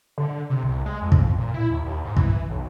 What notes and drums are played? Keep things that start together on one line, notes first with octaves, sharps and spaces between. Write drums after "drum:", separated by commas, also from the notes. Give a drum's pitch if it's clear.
D3
C3
C2
G#3
F2
drum: kick
A#2
E4
D#2
D#2
G#2
E3, drum: kick
B1